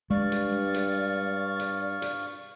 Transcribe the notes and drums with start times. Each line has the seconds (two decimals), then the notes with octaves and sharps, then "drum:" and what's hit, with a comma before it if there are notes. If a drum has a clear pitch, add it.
0.10 G2 G#3 D5 F5 C#6
0.32 drum: hi-hat
0.74 drum: hi-hat
1.59 drum: hi-hat
2.02 drum: hi-hat